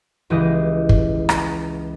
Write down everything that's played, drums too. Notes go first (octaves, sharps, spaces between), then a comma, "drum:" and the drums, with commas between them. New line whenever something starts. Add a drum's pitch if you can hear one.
C#2 E3 G4 D#5
drum: kick
drum: rim click